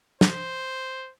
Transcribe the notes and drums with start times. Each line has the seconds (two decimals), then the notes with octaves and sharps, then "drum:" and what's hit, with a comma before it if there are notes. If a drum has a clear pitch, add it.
0.21 C5, drum: snare